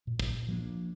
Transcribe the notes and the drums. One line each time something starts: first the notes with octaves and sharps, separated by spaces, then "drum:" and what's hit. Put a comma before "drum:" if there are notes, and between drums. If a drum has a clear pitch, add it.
A#2
drum: kick
F3 A#3 D4